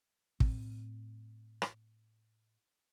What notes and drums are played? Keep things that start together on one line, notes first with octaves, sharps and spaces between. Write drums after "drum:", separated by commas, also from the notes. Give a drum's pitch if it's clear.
A2 C4, drum: kick
drum: rim click